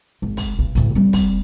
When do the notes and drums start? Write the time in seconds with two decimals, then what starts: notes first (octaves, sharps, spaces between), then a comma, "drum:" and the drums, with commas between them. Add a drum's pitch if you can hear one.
0.22 G#1
0.37 drum: kick, open hi-hat
0.59 B1
0.75 D2 A2, drum: hi-hat
0.95 G3 C4
1.13 drum: kick, open hi-hat